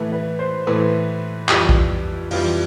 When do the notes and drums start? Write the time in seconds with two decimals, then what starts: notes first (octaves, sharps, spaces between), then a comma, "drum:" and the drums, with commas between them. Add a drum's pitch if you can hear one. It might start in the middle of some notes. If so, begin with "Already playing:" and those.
Already playing: A2 E3 A3 B4
0.12 B4
0.39 C5
0.67 A2 E3 A3 B4
1.49 F2 E3 G3 G4, drum: clap
1.69 drum: kick
2.31 F2 E3 G3 F4, drum: open hi-hat